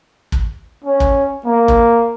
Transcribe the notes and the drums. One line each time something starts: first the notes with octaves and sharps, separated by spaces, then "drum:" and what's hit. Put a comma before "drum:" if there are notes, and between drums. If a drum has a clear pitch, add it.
drum: kick
C#4
drum: kick
A#3
drum: kick